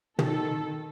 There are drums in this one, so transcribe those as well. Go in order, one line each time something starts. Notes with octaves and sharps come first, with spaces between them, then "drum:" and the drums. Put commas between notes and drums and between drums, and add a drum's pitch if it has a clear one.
D#3 A4, drum: tom